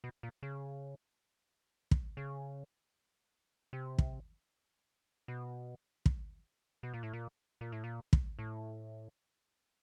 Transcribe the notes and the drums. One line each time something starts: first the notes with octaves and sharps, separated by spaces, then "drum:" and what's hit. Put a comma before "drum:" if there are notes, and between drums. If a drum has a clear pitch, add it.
B2
A#2
C#3
drum: kick
C#3
C3
drum: kick
B2
drum: kick
B2
A#2
A2
A#2
A#2
A2
A#2
drum: kick
A2